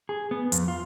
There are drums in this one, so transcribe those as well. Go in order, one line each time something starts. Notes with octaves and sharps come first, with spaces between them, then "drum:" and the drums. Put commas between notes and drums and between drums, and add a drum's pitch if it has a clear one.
G#4
B3
F2, drum: hi-hat
F4